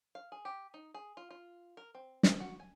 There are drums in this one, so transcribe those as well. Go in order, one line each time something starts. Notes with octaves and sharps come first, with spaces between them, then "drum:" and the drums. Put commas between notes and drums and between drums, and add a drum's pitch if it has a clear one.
F5
G#4
G4
D#4
G#4
F4
F4
A#4
C4
C5, drum: snare
F#4
G#5